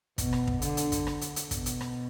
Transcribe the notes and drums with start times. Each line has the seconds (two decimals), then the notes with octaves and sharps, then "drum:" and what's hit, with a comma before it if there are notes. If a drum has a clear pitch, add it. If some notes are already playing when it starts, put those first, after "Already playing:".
0.18 B2, drum: kick, hi-hat
0.33 drum: rim click
0.47 drum: kick
0.62 D3, drum: hi-hat
0.77 drum: hi-hat
0.92 drum: kick, hi-hat
1.07 drum: rim click
1.21 drum: hi-hat
1.36 drum: hi-hat
1.51 B2, drum: kick, hi-hat
1.66 drum: hi-hat
1.81 drum: rim click